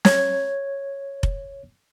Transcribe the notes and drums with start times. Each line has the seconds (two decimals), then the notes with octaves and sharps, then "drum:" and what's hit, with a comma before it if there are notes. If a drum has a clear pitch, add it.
0.05 C#5 G#6, drum: snare
1.23 drum: kick F1